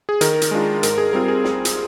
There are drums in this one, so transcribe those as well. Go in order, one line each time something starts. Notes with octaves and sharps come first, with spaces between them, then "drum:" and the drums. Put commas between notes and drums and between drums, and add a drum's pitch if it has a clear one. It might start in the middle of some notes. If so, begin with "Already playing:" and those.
G#4
D#3 A#4, drum: hi-hat
drum: hi-hat
G#3 D4 F4
G#2 A#4, drum: hi-hat
G#4
G3 C4 F4 A#4
G#4
drum: snare
drum: hi-hat